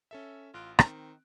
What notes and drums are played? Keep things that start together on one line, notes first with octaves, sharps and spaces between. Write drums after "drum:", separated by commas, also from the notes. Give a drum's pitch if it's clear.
C#4 A4 E5
A1 F4 F#6 D7
D#3 C4, drum: rim click